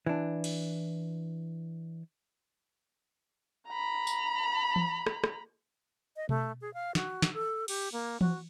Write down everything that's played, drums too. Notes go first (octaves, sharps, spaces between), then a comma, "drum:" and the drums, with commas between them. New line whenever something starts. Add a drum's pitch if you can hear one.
E3 D4
drum: cymbal
A#5 B5
drum: tambourine
drum: tom E3
drum: rim click
drum: rim click
D#5
A3, drum: tom B2
G#4
F5
F#4, drum: snare
drum: snare
A4
G4, drum: cymbal
A#3
F#4, drum: tom E3